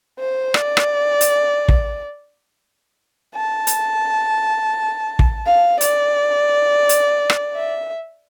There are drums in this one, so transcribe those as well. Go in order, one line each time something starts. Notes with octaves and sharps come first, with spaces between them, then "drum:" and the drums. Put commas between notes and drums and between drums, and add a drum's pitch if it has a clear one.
C5
D5, drum: rim click
drum: rim click
drum: hi-hat
drum: kick
A5
drum: hi-hat
drum: kick
F5
D5, drum: hi-hat
drum: hi-hat
drum: rim click
E5